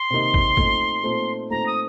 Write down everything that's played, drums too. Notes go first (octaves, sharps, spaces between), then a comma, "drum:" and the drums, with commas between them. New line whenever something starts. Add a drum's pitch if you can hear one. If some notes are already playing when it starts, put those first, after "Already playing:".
Already playing: C6
C3 D#3 A#3 D#4 A#4
drum: kick
A#2 A3 C4 D#4, drum: kick
A#2 A3 C4 D#4
A#2 A3 C4 D#4 A#5
D#6